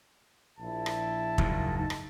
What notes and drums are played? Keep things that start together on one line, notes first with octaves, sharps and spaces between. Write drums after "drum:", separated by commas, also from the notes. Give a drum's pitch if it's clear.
A#1 E4 A5
drum: rim click
F#1 D#2 G#2, drum: kick
D#4 A5
drum: rim click